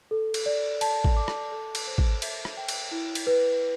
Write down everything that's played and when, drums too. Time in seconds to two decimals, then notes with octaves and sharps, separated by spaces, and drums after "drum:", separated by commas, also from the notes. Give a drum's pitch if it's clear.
0.11 A4
0.34 drum: cymbal
0.46 D5
0.81 A5, drum: cymbal
1.04 drum: kick G#1
1.16 D6
1.28 drum: rim click
1.52 A4
1.75 drum: cymbal
1.87 C5
1.98 drum: kick G#1
2.22 E5, drum: cymbal
2.45 drum: rim click
2.57 G5
2.69 drum: cymbal
2.91 E4
3.15 drum: cymbal
3.27 B4